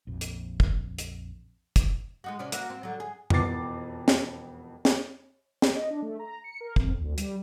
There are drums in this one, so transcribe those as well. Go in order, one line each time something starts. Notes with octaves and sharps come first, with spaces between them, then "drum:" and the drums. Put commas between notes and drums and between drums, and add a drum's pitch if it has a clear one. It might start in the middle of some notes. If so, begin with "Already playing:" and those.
A#1 F2
drum: hi-hat
drum: kick
drum: hi-hat
drum: kick, hi-hat
G#3 D#4 F#4
C3 C#4 D5
A#3 F#4 E5, drum: hi-hat
C4
D3 F#3
G#4
E1 F2 B3 D6 A6 C7, drum: tom F2
drum: snare
drum: snare
drum: snare
D#5
D4
A3
A#5
C#7
A#4
F2, drum: kick
D2
G3, drum: hi-hat